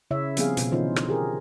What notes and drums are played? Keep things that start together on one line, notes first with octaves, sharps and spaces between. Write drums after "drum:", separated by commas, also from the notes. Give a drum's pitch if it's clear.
C#3 E4 C#5 E5
F3 G3 B3 C4 G#4 F5, drum: hi-hat
B2, drum: hi-hat
D3 E3 C#4 D#4 F4 C5
drum: rim click
G4 G#4 A#4